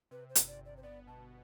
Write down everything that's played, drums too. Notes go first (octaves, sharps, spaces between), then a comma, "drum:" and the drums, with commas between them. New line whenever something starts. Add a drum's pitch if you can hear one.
C3 B4
C5
G1, drum: hi-hat
D5
G1
D5
C5
B3 D5
B2 A5